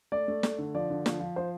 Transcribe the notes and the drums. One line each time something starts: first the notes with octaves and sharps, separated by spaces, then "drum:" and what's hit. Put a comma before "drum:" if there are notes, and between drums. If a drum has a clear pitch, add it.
A3 D5
A3
A3, drum: snare
D3
F3 D5
D3
F3, drum: snare
F3
F3 C5